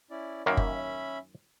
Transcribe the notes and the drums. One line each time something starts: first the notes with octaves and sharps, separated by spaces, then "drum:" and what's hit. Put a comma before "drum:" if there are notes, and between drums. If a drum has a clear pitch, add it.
C#4 E4 D5
F#2 D#3 A#3 C#4 E5 B5
drum: kick F#1